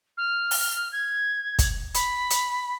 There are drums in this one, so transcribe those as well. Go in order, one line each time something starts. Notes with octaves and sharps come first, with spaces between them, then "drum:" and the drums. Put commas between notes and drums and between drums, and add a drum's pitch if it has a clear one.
F6
drum: open hi-hat
G#6
drum: kick, hi-hat
B5, drum: hi-hat
drum: hi-hat